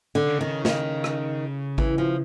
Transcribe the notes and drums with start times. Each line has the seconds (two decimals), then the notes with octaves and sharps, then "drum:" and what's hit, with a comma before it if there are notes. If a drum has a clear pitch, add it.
0.15 D3
0.27 C#3
0.41 D#3
0.65 D#3, drum: snare
1.04 drum: rim click
1.78 E3, drum: kick G#1
1.98 F3